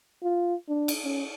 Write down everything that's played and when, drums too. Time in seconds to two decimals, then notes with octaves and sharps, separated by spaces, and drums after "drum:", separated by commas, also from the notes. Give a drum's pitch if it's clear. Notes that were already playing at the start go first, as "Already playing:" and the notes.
0.23 F4
0.68 D4
0.88 drum: cymbal
1.04 C#4